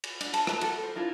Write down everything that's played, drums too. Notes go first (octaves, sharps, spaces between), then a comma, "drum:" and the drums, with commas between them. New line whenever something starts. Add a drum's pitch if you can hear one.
drum: cymbal
D4, drum: cymbal
A5, drum: cymbal
B4 E5 A5 A#5, drum: rim click
F#4 A4, drum: cymbal
C5
D4 E4 F4 A#4